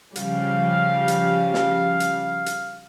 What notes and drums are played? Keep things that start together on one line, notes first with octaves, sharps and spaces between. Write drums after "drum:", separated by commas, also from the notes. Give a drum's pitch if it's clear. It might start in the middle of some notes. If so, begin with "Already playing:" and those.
C#3 F3 G3 F5, drum: hi-hat
drum: hi-hat
drum: snare
drum: hi-hat
drum: hi-hat